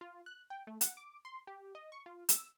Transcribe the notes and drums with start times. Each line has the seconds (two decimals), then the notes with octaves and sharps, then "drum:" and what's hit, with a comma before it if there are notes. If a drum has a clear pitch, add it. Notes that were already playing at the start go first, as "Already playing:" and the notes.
0.01 F4
0.26 F#6
0.50 G5
0.67 A3
0.81 F#5, drum: hi-hat
0.97 D6
1.25 C6
1.47 G4
1.75 D#5
1.92 C#6
2.06 F4
2.29 E6, drum: hi-hat